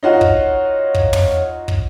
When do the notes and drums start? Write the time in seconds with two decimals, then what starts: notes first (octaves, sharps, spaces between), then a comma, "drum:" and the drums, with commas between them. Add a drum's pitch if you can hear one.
0.03 D#4 F4 F#4 C#5
0.21 drum: kick
0.94 drum: kick
1.13 drum: tom
1.68 drum: kick